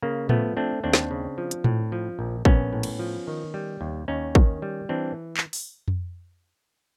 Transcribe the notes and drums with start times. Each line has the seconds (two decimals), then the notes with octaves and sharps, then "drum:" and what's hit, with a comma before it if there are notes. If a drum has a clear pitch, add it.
0.02 C#3 A#3
0.29 F3 A3 B3, drum: tom A2
0.57 A3 C4 D4
0.84 D#2 C4 D4
0.93 drum: snare
1.11 C#3
1.38 F3
1.51 drum: hi-hat
1.64 A2, drum: tom A2
1.92 F3
2.19 A#1
2.45 A#1 B3 C#4, drum: kick
2.73 A2
2.83 drum: cymbal
2.99 F3
3.27 D#3
3.54 G3
3.81 D#2
4.08 D#2 C#4 D#4
4.35 D#3, drum: kick
4.62 G3
4.89 E3 C4 D4
5.37 drum: clap
5.53 drum: open hi-hat
5.88 drum: tom F2